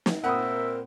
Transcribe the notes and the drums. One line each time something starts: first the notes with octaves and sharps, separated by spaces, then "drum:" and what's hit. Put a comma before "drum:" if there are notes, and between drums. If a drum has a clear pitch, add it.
drum: snare
A#2 C4 A#4 E5 F#5 B5 D#6